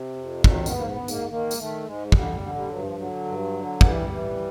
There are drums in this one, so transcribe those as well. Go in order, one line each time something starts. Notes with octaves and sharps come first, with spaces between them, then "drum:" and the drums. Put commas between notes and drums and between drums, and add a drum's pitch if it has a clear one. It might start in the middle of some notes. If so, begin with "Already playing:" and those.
Already playing: C3
F2
D#3 F#3, drum: kick
B3, drum: tambourine
G#2
A#3
B3
G#2
A#3, drum: tambourine
D#3 A#3
G#3, drum: tambourine
D#3 A3
G#2 G#3
G#3
D3 G3, drum: kick
D3
G3
G2 F#3
F3
D3 F#3
G2
D3
E3 G3, drum: kick
E3